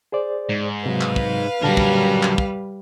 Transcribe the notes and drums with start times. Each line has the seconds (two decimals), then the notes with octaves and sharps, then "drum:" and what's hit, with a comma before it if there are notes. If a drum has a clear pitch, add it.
0.12 G#4 C5 D5
0.49 G#2
0.86 C3 F#3 B4 F5
1.01 drum: clap
1.16 drum: kick
1.63 A#2 D3 F#3 G3 A#4 A5
1.77 drum: kick
2.23 drum: clap
2.38 drum: kick